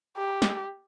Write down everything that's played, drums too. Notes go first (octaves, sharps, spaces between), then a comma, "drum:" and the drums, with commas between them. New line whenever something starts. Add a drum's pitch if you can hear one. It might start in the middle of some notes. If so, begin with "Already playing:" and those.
G4
drum: snare